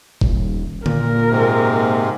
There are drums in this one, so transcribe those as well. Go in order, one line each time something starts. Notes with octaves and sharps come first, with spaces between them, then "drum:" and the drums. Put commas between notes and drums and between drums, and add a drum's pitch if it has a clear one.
D#1, drum: kick G1
A#2 A#4, drum: tom D3
G#2 C3